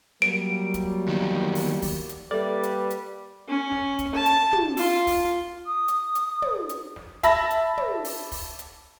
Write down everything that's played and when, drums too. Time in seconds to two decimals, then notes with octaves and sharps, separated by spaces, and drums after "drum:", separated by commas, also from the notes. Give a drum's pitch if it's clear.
0.22 F#3 G3 A#3 D7
0.74 drum: kick, hi-hat
1.08 E2 D#3
1.55 drum: open hi-hat
1.82 drum: kick, open hi-hat
2.09 drum: hi-hat
2.31 G3 A#3 A4 B4 D5 E5
2.63 drum: hi-hat
2.90 drum: hi-hat
3.48 C#4
3.72 drum: snare
3.99 drum: kick, hi-hat
4.15 A5
4.26 drum: hi-hat
4.53 drum: tom
4.77 F4, drum: open hi-hat
5.07 drum: kick, open hi-hat
5.66 D#6
5.88 drum: hi-hat
6.15 drum: hi-hat
6.42 drum: tom
6.69 drum: hi-hat
6.96 drum: snare
7.23 E5 A5 B5 A#6, drum: kick, hi-hat
7.50 drum: hi-hat
7.78 drum: tom
8.05 drum: open hi-hat
8.32 drum: kick, open hi-hat
8.59 drum: hi-hat